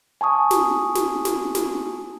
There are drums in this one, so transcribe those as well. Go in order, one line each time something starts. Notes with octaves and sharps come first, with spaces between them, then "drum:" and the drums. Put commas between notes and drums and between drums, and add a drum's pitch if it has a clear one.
G#5 A5 C#6 D#6
drum: snare
drum: snare
drum: snare
drum: snare